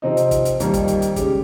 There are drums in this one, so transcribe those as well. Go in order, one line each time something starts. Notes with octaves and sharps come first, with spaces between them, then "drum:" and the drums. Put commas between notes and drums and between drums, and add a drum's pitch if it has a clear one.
C3 F3 C4 D#4
drum: hi-hat
drum: kick, hi-hat
drum: hi-hat
F2 D#3 G3 A#3 D#4, drum: hi-hat
drum: kick, hi-hat
drum: hi-hat
drum: hi-hat
C#3 G#3 C#4 G4, drum: kick, hi-hat